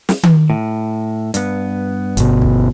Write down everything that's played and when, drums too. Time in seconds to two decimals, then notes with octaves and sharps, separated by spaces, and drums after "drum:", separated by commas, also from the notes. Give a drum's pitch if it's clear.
0.09 drum: snare
0.23 drum: tom D#3
0.50 A2
1.34 G2 B3, drum: hi-hat
2.17 G1 B2, drum: hi-hat
2.42 drum: kick B1